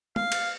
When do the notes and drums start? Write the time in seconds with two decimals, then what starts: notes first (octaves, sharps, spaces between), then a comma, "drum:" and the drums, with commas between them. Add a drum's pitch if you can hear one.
0.16 F5, drum: tom
0.32 drum: cymbal